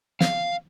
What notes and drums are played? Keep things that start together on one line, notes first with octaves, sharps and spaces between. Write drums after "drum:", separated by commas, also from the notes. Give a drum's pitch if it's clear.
F5, drum: snare